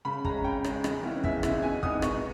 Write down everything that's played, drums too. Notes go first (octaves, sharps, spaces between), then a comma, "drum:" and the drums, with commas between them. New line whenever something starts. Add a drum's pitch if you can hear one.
C#3 B5
G#3 C#4 A#5, drum: kick
C#3 G5
G#3 C#4, drum: rim click
E2, drum: rim click
C#3 G#3 B3 E4
E2 E5, drum: kick
C#3 G#3 B3 E4, drum: rim click
B2 G#5
G#3 B3 D#4 D#6, drum: kick
B2 C#6, drum: rim click